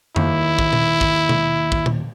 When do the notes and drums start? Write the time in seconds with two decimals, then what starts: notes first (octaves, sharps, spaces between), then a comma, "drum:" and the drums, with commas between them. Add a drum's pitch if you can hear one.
0.16 D#2 E4, drum: tom F2
0.59 drum: kick
0.73 drum: tom A#2
1.01 drum: kick
1.29 drum: tom B2
1.72 drum: kick
1.86 drum: tom A#2